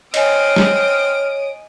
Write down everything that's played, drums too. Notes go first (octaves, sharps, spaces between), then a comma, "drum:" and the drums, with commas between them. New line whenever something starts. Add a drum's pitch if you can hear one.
C4 C#5 D#5 G#5 D#6 F6 D7, drum: cymbal
drum: snare